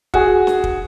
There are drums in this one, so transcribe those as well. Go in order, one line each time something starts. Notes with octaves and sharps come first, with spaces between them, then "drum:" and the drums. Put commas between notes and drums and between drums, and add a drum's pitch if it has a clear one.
F#4 G#4, drum: kick
drum: snare
drum: kick